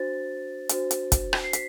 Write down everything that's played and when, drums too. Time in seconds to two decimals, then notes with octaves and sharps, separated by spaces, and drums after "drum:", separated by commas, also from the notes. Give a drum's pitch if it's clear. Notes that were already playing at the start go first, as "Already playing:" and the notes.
Already playing: D4 F#4 C5 A6
0.69 D4 F#4 C5, drum: hi-hat
0.91 drum: hi-hat
1.12 drum: kick, hi-hat
1.33 drum: rim click
1.44 C7
1.53 B6, drum: hi-hat